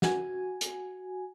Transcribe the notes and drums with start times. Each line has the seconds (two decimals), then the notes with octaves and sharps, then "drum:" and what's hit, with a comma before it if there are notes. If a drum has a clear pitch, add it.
0.02 F#4 G#5, drum: snare
0.61 drum: hi-hat